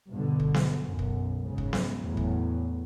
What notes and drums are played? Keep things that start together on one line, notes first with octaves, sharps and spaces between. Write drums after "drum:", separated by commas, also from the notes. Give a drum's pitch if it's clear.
G2 B2 D3
drum: kick
G1, drum: snare B3
B1 F#2
drum: kick
G#2 C#3
drum: kick
drum: snare B3
E2 A2 F#3
drum: kick